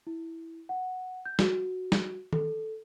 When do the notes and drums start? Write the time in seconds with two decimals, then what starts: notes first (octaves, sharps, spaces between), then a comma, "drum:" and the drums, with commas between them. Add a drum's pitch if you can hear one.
0.07 E4
0.69 F#5
1.25 G6
1.39 F#4, drum: snare
1.92 drum: snare
2.33 A4, drum: tom D#3